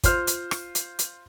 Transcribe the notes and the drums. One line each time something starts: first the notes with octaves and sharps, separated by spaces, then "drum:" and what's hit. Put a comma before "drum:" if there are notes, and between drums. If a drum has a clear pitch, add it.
F4 C5 F6, drum: kick, hi-hat
drum: hi-hat
drum: rim click
drum: hi-hat
drum: hi-hat